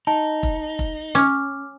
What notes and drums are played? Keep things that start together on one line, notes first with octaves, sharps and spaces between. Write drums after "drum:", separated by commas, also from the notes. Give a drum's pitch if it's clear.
D#4 A5
drum: kick F1
drum: kick F1
C#4 D6 F6